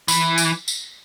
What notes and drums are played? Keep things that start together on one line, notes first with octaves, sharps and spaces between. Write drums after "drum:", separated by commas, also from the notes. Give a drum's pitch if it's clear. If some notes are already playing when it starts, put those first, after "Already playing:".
E3, drum: tambourine
drum: tambourine
drum: tambourine